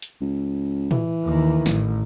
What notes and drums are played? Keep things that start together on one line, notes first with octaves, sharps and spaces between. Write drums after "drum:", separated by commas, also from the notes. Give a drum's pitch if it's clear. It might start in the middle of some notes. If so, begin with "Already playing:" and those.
drum: hi-hat
C#2
E3, drum: tom
D#2 D#3
A1, drum: snare